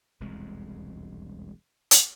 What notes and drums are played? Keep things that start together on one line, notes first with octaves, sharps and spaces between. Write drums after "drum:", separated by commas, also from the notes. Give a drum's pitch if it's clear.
E1 C2 F2 G#3
drum: hi-hat